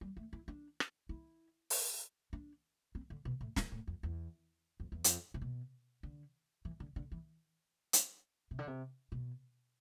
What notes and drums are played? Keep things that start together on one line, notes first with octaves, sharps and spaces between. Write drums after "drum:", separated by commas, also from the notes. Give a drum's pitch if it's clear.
G3
A3
E4
D4
drum: rim click
E4
drum: open hi-hat
D4
C4
D3
B2
A2
A2, drum: snare
A2
F2
E2
F2
E2
F2, drum: hi-hat
C3
B2
D3
E3
D3
D3
E3
drum: hi-hat
C3
D3
C3
B2